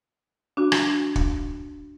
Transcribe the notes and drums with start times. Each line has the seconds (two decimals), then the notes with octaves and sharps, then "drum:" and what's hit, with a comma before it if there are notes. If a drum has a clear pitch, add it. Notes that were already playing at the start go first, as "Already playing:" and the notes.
0.57 D4 F#4
0.72 drum: rim click
1.16 drum: kick